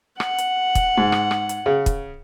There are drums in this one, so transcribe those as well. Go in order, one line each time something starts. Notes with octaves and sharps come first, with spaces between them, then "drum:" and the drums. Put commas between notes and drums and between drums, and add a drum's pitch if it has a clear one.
F#5, drum: rim click
drum: hi-hat
drum: kick, hi-hat
G#2
drum: rim click
drum: rim click
drum: hi-hat
C#3
drum: kick, hi-hat